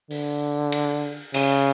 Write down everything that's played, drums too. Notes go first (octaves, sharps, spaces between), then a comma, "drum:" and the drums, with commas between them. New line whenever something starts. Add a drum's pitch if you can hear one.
D3, drum: open hi-hat
drum: cymbal
C#3, drum: cymbal